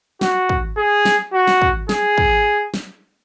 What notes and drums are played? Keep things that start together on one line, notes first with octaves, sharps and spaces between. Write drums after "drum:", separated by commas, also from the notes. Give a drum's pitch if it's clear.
F#4, drum: snare
drum: kick
G#4
drum: snare
F#4
drum: snare
drum: kick
G#4, drum: snare
drum: kick
drum: snare